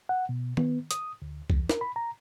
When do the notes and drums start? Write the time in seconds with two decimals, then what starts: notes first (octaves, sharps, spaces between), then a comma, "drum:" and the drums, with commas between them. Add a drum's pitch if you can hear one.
0.09 F#5
0.29 B2
0.57 B3, drum: tom D#3
0.91 D#6, drum: hi-hat
1.22 D2
1.50 E2, drum: kick
1.69 A#4, drum: snare
1.81 B5
1.96 A#5